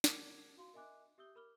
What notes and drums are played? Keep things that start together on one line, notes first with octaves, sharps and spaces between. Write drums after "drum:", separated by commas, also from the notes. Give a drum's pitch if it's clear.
A#4 F#5 A5 D6 G#6, drum: snare
F#4 F5 C6
A#4 D#5 E5 G#5 D6 F#6
G4 E5 D#6 E6 G6 G7
A#4 B5 D6 F6 G7